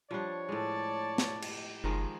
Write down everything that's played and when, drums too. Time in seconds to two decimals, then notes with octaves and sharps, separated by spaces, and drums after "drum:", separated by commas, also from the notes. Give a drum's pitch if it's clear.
0.11 F3 G3 D4 C#5
0.49 A2 G#3 D5 A5
1.18 drum: snare
1.42 G4, drum: cymbal
1.84 F#1 D#3 F3 G#3